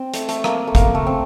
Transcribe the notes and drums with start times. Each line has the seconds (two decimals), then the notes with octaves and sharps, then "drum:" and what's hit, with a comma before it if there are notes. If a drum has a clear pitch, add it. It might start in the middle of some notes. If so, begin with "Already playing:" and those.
Already playing: C4
0.14 A3, drum: hi-hat
0.29 A3, drum: hi-hat
0.44 A#3, drum: rim click
0.67 A3
0.75 C#3 A#3, drum: kick G#1, hi-hat
0.95 A3
1.07 C4